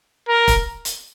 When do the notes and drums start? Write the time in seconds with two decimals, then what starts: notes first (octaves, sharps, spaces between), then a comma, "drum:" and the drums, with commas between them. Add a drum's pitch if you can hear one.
0.29 A#4
0.48 drum: kick, hi-hat
0.85 drum: hi-hat